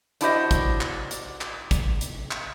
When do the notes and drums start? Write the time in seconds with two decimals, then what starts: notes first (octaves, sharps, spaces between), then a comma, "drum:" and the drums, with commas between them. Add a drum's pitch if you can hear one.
0.21 D4 E4 F#4 G4 C5 D#5, drum: hi-hat
0.51 drum: kick, hi-hat
0.81 drum: clap
1.11 drum: hi-hat
1.41 drum: clap
1.71 drum: kick, hi-hat
2.01 drum: hi-hat
2.31 drum: clap